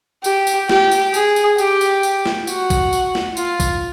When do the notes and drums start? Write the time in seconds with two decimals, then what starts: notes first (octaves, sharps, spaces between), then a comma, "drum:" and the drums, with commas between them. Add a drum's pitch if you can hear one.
0.24 G4, drum: tambourine
0.47 drum: tambourine
0.69 G4, drum: snare
0.91 drum: tambourine
1.14 G#4, drum: tambourine
1.36 drum: tambourine
1.58 G4, drum: tambourine
1.81 drum: tambourine
2.03 drum: tambourine
2.26 drum: snare
2.47 F#4, drum: tambourine
2.70 drum: kick, tambourine
2.93 drum: tambourine
3.15 drum: snare
3.37 F4, drum: tambourine
3.60 drum: kick, tambourine